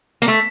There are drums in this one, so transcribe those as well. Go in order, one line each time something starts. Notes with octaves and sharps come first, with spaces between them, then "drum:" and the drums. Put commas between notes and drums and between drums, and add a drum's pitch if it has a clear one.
A#3, drum: hi-hat
A3